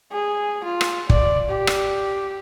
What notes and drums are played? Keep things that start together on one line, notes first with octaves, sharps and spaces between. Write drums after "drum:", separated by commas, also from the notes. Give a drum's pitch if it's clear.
G#4
F4
drum: rim click
D5, drum: kick
G4
drum: rim click